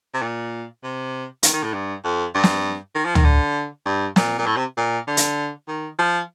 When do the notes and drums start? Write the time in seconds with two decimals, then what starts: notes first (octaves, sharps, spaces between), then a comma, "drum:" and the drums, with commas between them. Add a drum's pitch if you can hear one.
0.14 C3
0.22 A#2
0.83 C3
1.43 D#3, drum: hi-hat
1.53 D#3
1.63 A2
1.73 G2
2.04 F2
2.34 G2
2.43 drum: snare
2.95 D#3
3.05 F3
3.15 D#3, drum: tom
3.24 D3
3.85 G2
4.16 A#2, drum: snare
4.38 A#2
4.46 A2
4.57 C3
4.77 A#2
5.07 D3
5.17 drum: hi-hat
5.68 D#3
5.99 F3